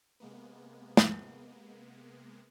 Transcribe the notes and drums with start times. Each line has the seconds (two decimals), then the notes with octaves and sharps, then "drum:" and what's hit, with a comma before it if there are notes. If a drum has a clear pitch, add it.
0.20 C3 G#3 A#3 B3
0.97 drum: snare